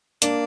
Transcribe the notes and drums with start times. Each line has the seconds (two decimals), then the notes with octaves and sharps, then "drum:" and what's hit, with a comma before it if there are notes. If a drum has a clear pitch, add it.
0.22 A#3 D4, drum: hi-hat